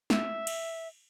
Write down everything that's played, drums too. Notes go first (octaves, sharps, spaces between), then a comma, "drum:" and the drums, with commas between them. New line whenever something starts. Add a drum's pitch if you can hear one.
E5, drum: snare
drum: cymbal